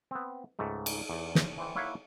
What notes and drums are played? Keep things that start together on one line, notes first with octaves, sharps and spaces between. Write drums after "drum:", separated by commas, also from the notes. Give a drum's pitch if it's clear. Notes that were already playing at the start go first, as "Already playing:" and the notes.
B3 C4
C#2 G#2 A3
drum: cymbal
E2
drum: snare
E3 C5 G5
A#3 E4 C#5 F5 F#5